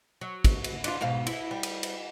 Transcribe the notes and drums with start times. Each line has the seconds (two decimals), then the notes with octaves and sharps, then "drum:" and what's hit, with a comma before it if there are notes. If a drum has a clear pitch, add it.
0.21 F#3
0.44 drum: kick, cymbal
0.64 drum: cymbal
0.84 D4 E4 F4, drum: cymbal
1.01 G#2 B2 F5
1.27 E4, drum: cymbal
1.51 G3
1.63 drum: cymbal
1.83 drum: cymbal